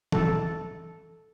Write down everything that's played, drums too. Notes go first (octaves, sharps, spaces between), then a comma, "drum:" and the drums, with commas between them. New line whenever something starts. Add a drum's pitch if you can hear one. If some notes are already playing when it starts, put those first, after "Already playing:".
A4, drum: tom